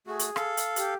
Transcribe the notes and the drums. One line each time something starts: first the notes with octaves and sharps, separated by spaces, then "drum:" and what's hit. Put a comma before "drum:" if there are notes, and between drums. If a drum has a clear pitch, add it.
A3 F#4 G#4
drum: hi-hat
A4 F5, drum: rim click
drum: hi-hat
G4, drum: hi-hat